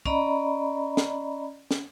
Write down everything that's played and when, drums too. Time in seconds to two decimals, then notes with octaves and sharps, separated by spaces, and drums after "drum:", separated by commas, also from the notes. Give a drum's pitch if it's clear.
0.06 C#4 D5 D#5 A#5 B5, drum: kick
0.97 drum: snare
1.71 drum: snare